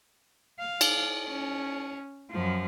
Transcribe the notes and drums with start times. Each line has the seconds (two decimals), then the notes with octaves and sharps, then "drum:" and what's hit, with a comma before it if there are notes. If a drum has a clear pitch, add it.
0.59 F5
0.81 drum: cymbal
1.28 C#4
2.30 F#2 F3